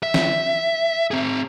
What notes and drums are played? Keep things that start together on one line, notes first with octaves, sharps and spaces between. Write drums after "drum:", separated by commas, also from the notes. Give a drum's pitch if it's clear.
E5
drum: snare
C4 G#4